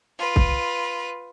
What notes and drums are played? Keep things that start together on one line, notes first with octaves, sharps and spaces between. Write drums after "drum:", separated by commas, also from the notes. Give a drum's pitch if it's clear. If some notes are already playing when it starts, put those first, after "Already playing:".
F4 B4
drum: kick C2